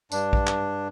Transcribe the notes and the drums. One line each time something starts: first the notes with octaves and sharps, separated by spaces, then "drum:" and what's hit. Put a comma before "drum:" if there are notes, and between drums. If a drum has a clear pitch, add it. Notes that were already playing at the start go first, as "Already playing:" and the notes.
G2 D4, drum: tambourine
drum: kick A#1
drum: clap